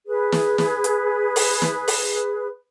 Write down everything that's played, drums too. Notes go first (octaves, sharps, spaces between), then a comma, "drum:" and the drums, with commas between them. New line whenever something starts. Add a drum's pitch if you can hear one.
G#4 B4
drum: snare
drum: snare
drum: hi-hat
drum: open hi-hat
drum: snare
drum: open hi-hat